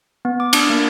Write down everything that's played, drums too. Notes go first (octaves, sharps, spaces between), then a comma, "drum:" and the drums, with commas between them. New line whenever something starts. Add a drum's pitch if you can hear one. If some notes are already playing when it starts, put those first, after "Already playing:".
B3
D6
D4, drum: cymbal
A#3